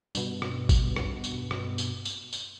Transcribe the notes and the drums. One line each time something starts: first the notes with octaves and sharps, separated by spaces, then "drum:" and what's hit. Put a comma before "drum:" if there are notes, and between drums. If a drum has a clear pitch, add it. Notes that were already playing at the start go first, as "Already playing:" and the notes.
G2 B2, drum: tambourine
drum: rim click
drum: kick, tambourine
drum: rim click
drum: tambourine
drum: rim click
drum: tambourine
drum: tambourine
drum: tambourine